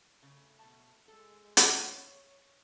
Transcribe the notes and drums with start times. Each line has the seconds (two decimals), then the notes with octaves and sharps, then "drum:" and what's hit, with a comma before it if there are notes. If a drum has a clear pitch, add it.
0.23 C#3 A3
0.59 B2 A5
1.08 G#3 A4
1.57 drum: hi-hat
1.72 C#5